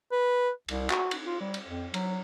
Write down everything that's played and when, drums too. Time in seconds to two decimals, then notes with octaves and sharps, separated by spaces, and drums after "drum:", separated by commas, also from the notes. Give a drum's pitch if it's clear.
0.12 B4
0.68 C2, drum: cymbal
0.90 F#4, drum: clap
1.11 drum: cymbal
1.27 F4
1.41 G3
1.54 drum: cymbal
1.68 F2
1.94 F#3, drum: cymbal